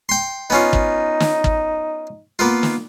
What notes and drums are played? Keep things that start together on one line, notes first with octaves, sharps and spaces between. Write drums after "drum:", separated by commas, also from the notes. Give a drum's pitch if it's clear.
G5 C6
B3 C#4 D#4 F4
drum: kick
drum: snare
drum: kick
A#3 B3 F4
drum: snare